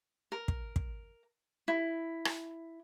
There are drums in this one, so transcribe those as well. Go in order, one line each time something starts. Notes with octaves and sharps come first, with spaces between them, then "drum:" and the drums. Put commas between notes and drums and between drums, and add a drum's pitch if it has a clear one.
A#4
drum: kick
drum: kick
E4
drum: rim click